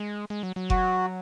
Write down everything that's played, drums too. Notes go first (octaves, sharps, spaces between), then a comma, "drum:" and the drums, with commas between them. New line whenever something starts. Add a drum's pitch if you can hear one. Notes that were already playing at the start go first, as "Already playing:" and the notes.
Already playing: G#3
G#3
F#3
F#3
F#4, drum: kick F1